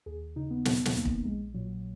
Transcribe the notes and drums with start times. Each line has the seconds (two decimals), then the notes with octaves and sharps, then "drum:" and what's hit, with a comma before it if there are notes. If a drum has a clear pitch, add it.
0.06 D#2 G#4
0.36 C#3 D#4
0.51 B3
0.65 C#3 B3, drum: snare
0.85 drum: snare
0.95 D#2 A#3
1.05 drum: kick
1.25 A#1 G#3
1.54 A#2 F#3